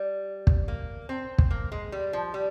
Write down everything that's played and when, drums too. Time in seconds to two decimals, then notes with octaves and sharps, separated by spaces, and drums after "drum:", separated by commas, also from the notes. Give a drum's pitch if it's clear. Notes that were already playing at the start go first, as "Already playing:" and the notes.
Already playing: G3
0.47 drum: kick
0.68 A#3
1.09 C4
1.38 drum: kick
1.51 A#3
1.72 G#3
1.92 G3
2.13 F3
2.34 G3